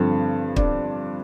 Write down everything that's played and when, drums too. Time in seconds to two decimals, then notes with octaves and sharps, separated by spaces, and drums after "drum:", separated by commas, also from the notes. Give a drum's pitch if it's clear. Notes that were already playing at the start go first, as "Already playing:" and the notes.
Already playing: G2 D3 F3 C4
0.56 D4, drum: kick